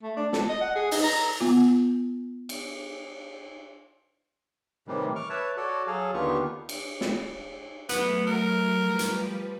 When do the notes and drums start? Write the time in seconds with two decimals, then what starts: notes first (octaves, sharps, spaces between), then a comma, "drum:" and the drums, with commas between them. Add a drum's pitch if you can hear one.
0.03 A3
0.17 D4
0.33 A4, drum: snare
0.49 D#5
0.61 F#5
0.76 G#4
0.91 D#4, drum: open hi-hat
1.04 A#5
1.41 B3 F4
2.49 drum: cymbal
4.88 A2 C3 D#3 E3 G3
5.16 C#6 D6 F6
5.30 B4 C#5 E5 A5
5.57 F#4 A4 C#5 D5
5.87 F#3 G#4 A4 F5
6.14 D#2 D3 B3 F4 G4 C#6
6.69 drum: cymbal
7.01 drum: snare
7.89 F#3 A3 B3, drum: hi-hat
8.27 A#4
8.79 F3 G3 B4
8.99 drum: hi-hat